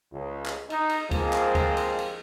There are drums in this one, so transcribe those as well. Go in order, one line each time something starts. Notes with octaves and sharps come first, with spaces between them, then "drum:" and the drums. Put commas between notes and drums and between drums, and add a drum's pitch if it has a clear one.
C#2
drum: clap
D#4, drum: cymbal
drum: cymbal
F3 G#3 A#3 C4 F4, drum: kick C#2, cymbal
drum: clap
drum: kick C#2, cymbal
drum: cymbal
drum: cymbal